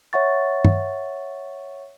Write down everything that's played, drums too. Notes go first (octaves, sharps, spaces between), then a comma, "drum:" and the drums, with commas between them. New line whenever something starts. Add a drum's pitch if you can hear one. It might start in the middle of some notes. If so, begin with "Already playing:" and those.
C#5 E5 F#5 C#6 A6
drum: tom